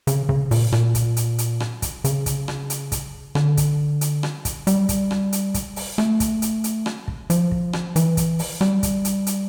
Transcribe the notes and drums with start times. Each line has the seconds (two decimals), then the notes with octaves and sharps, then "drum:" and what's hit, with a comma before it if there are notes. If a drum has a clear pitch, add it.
0.07 C#3, drum: hi-hat
0.29 C#3, drum: kick
0.51 A#2, drum: open hi-hat
0.72 A#2, drum: rim click
0.95 drum: kick, hi-hat
1.17 drum: hi-hat
1.38 drum: hi-hat
1.60 drum: rim click
1.82 drum: kick, hi-hat
2.04 C#3, drum: hi-hat
2.26 drum: kick, hi-hat
2.48 drum: rim click
2.70 drum: hi-hat
2.92 drum: kick, hi-hat
3.35 D3, drum: rim click
3.57 drum: kick, hi-hat
4.01 drum: hi-hat
4.23 drum: rim click
4.45 drum: kick, hi-hat
4.67 G3, drum: hi-hat
4.89 drum: kick, hi-hat
5.11 drum: rim click
5.32 drum: hi-hat
5.54 drum: kick, hi-hat
5.76 drum: open hi-hat
5.98 A3, drum: rim click
6.20 drum: kick, hi-hat
6.42 drum: hi-hat
6.64 drum: hi-hat
6.86 drum: rim click
7.08 drum: kick
7.30 F3, drum: hi-hat
7.51 drum: kick
7.73 drum: rim click
7.96 E3, drum: hi-hat
8.17 drum: kick, hi-hat
8.39 drum: open hi-hat
8.61 G3, drum: rim click
8.83 drum: kick, hi-hat
9.05 drum: hi-hat
9.27 drum: hi-hat